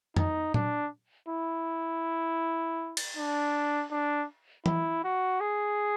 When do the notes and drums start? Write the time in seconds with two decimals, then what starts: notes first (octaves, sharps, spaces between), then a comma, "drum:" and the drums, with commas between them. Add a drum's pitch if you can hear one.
0.16 D#4, drum: tom F2
0.54 D4, drum: tom A#2
1.29 E4
2.97 drum: cymbal
3.17 D4
3.91 D4
4.66 E4, drum: tom
5.04 F#4
5.41 G#4